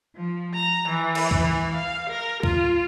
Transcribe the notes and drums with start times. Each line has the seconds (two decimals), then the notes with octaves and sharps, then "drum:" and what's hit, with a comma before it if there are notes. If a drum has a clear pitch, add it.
0.16 F3
0.55 A#5
0.89 E3
1.15 drum: cymbal
1.31 drum: kick C#2
1.43 E3
1.74 F5
2.11 A#4
2.43 F4, drum: kick C#2